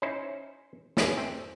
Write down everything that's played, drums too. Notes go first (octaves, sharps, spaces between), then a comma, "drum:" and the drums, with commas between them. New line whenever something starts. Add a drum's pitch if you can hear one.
C#4 D#4 E4 C5
C3 C#4 D4 E4 G4 G#4, drum: snare
C4